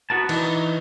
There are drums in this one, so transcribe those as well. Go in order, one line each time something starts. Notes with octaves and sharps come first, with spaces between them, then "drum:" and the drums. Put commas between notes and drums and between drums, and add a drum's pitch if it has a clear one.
B3 F#4 A#4 A5
E3 D#4, drum: cymbal